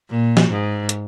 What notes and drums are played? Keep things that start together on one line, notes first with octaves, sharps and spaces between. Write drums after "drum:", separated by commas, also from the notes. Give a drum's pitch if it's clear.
A#2
drum: snare
G#2
drum: hi-hat